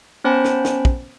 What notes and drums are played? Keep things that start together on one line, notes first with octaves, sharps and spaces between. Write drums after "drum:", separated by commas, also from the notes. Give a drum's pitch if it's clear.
B3 C#4 C5 G5 A5 B5
drum: snare
drum: snare
drum: kick